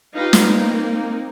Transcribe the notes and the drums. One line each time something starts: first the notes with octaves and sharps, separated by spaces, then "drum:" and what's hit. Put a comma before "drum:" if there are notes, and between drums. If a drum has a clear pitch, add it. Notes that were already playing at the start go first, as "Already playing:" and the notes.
D#4 F4 G4 B4 F5
drum: snare
A#3 C4 D#4